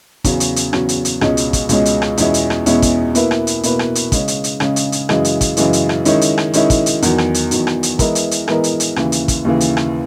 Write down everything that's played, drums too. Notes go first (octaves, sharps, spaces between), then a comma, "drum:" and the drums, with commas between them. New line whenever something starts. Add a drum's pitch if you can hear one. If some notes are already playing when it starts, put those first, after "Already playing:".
E2 C#3 F#3 C#4, drum: kick, hi-hat
drum: hi-hat
drum: hi-hat
E2 C#3 F#3 C#4, drum: rim click
drum: hi-hat
drum: hi-hat
C#2 B2 G#3 C#4, drum: rim click
drum: hi-hat
drum: kick, hi-hat
C#2 B2 G#3 C#4, drum: hi-hat
drum: hi-hat
drum: rim click
E2 B2 G#3 C#4 E4, drum: hi-hat
drum: hi-hat
drum: rim click
E2 B2 G#3 C#4 E4, drum: hi-hat
drum: kick, hi-hat
B2 A#3 E4 B4, drum: hi-hat
drum: rim click
drum: hi-hat
B2 A#3 E4 B4, drum: hi-hat
drum: rim click
drum: hi-hat
C#3 G#3 C#4, drum: kick, hi-hat
drum: hi-hat
drum: hi-hat
C#3 G#3 C#4, drum: rim click
drum: hi-hat
drum: hi-hat
F#2 C#3 E3 G#3, drum: rim click
drum: hi-hat
drum: kick, hi-hat
F#2 C#3 E3 G#3, drum: hi-hat
drum: hi-hat
drum: rim click
D#3 G#3 C#4 E4, drum: hi-hat
drum: hi-hat
drum: rim click
D#3 G#3 C#4 E4, drum: hi-hat
drum: kick, hi-hat
drum: hi-hat
E2 D#3 F#3, drum: hi-hat
drum: rim click
drum: hi-hat
E2 D#3 F#3, drum: hi-hat
drum: rim click
drum: hi-hat
E3 G#3 B3 E4 A#4, drum: kick, hi-hat
drum: hi-hat
drum: hi-hat
E3 G#3 B3 E4 A#4, drum: rim click
drum: hi-hat
drum: hi-hat
D#2 C#3 E3, drum: rim click
drum: hi-hat
drum: kick, hi-hat
D#2 C#3 E3
drum: hi-hat
drum: rim click